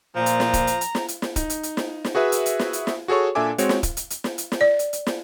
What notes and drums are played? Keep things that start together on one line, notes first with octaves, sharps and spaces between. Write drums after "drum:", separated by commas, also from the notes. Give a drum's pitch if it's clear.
A#2 F3 A#5
drum: hi-hat
drum: snare
drum: kick D1, hi-hat
drum: hi-hat
drum: hi-hat
drum: snare
drum: hi-hat
drum: snare
D#4, drum: kick D1, hi-hat
drum: hi-hat
drum: hi-hat
drum: snare
drum: snare
F#4 G#4 B4 E5
drum: hi-hat
drum: hi-hat
drum: snare
drum: hi-hat
drum: snare
F#4 G#4 A4 C#5 C#6
A#2 D4 A4 E5 G#5 D6
G#3 C4 F#4 C#5, drum: hi-hat
drum: snare
drum: kick D1, hi-hat
drum: hi-hat
drum: hi-hat
drum: snare
drum: hi-hat
drum: snare
D5
drum: hi-hat
drum: hi-hat
drum: snare